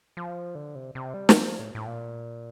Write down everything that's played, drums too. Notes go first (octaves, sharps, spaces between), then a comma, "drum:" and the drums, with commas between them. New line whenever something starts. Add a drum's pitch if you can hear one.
F3
D3
C3
C3
G3
E3, drum: snare
F3
A2
A2
A#2